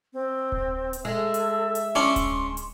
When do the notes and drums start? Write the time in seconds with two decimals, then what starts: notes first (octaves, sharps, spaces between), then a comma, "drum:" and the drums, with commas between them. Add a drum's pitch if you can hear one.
0.13 C4
0.52 drum: kick D1
0.93 drum: hi-hat
1.05 G#3 A4 E5
1.34 drum: hi-hat
1.75 drum: hi-hat
1.95 C#4 D4 C6
2.16 drum: kick D1, hi-hat
2.57 drum: hi-hat